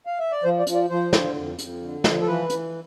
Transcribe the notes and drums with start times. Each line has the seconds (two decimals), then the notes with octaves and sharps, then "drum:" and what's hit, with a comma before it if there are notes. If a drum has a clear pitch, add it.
0.06 F5
0.19 E5
0.32 D5
0.44 F3 C5
0.59 D5
0.67 F3, drum: hi-hat
0.75 D5
0.90 F3 C5
1.13 D3, drum: snare
1.35 F2
1.59 F2, drum: hi-hat
1.82 D3
2.04 F3, drum: snare
2.21 A4
2.27 E3 B4
2.50 E3, drum: hi-hat